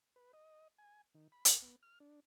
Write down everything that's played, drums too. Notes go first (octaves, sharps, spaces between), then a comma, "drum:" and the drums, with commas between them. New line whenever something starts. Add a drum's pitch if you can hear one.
B4
D#5
G#5
D#3
B5
A#4, drum: hi-hat
B3
F6
D4